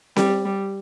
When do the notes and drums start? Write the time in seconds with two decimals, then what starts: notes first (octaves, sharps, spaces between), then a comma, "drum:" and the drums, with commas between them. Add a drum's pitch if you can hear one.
0.16 G3, drum: snare C4
0.45 G3